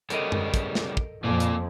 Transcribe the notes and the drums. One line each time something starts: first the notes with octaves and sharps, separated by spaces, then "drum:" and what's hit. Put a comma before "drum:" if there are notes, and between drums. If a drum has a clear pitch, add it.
C#3 G3 B3 A4 A#4 D#5, drum: hi-hat
drum: tom F#2
drum: kick, hi-hat
drum: snare
drum: kick
F2 A#2 A#3 D5 G#5
drum: hi-hat